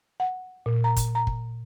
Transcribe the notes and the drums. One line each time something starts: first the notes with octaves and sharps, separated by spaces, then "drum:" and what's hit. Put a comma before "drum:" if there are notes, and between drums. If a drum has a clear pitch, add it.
F#5
A#2
A#5
drum: kick, hi-hat
A#5
drum: kick